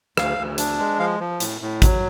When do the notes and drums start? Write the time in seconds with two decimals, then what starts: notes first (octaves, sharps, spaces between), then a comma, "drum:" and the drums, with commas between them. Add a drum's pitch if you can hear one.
0.17 D2 F5, drum: rim click
0.38 D2
0.58 D4, drum: hi-hat
0.79 G#3
0.99 F3 F5
1.20 F3
1.40 A2, drum: hi-hat
1.61 A2
1.82 F#3, drum: kick, hi-hat